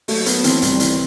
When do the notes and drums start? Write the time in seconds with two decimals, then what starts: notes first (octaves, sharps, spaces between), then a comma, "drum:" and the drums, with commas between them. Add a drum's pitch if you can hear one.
0.08 F#3 A3, drum: open hi-hat
0.26 F#3 B3, drum: hi-hat
0.44 E3 C4, drum: hi-hat
0.62 C2, drum: hi-hat
0.80 E3, drum: hi-hat